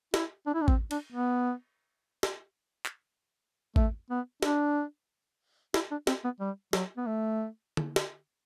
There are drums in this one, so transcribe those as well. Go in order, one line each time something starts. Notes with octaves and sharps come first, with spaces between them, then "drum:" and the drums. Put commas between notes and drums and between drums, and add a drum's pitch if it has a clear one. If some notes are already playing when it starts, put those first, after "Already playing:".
E4, drum: snare
D4
E4
D4
C4, drum: kick A1
D4, drum: cymbal
B3
drum: snare
drum: clap
A3, drum: kick A1
B3
D4, drum: snare
E4, drum: snare
D4
C4, drum: snare
B3
G3
F#3, drum: snare
B3
A3
drum: tom
drum: snare